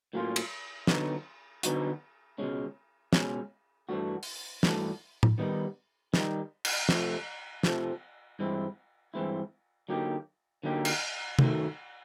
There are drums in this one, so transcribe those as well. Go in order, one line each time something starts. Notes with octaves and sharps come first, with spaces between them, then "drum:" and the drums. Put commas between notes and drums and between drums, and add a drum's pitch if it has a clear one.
A2 F#3 A#3 C#4 F4
drum: cymbal
D3 F#3 B3 D#4 F#4, drum: snare
D3 F#3 B3 D#4 F#4, drum: hi-hat
C#2 B2 G#3 C#4
C#2 B2 G#3 C#4, drum: snare
G2 E3 A3 D4 F#4
drum: open hi-hat
G2 E3 A3 D4 F#4, drum: snare
drum: tom A2
D#3 G3 B3 D#4
D#3 G3 B3 D#4, drum: snare
drum: cymbal
F2 C3 F3 A3, drum: snare
F2 C3 F3 A3, drum: snare
G2 E3 G#3 C4 E4
G2 E3 G#3 C4 E4
D3 F#3 A#3 D#4 G4
D3 F#3 A#3 D#4 G4
drum: cymbal
F#2 D#3 F#3 A3, drum: tom